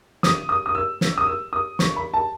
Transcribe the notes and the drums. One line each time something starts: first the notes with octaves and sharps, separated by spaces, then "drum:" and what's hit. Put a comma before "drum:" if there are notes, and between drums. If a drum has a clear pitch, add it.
D#6, drum: snare
D#6
D#6
E6
drum: snare
D#6
E6
D#6
C#6, drum: snare
B5
A5